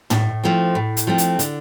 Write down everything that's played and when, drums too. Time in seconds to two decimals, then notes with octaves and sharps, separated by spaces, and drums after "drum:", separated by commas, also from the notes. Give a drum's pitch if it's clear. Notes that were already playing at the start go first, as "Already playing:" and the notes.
0.10 A2, drum: tom
0.44 F3 A3 C4
0.75 A2
0.97 drum: hi-hat
1.07 F3 A3 C4
1.18 drum: hi-hat
1.39 D3, drum: hi-hat